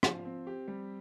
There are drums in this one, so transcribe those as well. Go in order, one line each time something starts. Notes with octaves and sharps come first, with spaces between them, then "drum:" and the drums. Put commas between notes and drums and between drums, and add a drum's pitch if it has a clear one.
F3, drum: rim click
C4
G4
G3